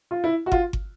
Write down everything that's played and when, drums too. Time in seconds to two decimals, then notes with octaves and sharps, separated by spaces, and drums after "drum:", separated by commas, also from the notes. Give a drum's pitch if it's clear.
0.11 F4
0.24 E4
0.46 F#4
0.52 F4, drum: kick
0.73 drum: kick